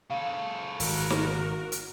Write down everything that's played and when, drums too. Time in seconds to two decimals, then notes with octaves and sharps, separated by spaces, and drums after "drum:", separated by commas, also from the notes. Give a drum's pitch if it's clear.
0.10 C#3 A4 F5
0.80 G#1 F#4 A#4, drum: open hi-hat
1.10 drum: snare
1.72 drum: hi-hat